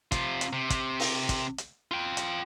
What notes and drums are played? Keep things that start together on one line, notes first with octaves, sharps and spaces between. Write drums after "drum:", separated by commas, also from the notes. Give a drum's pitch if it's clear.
C3 F4, drum: kick, hi-hat
drum: hi-hat
C3
drum: kick, hi-hat
drum: open hi-hat
drum: kick, hi-hat
drum: hi-hat
F4 G5
drum: hi-hat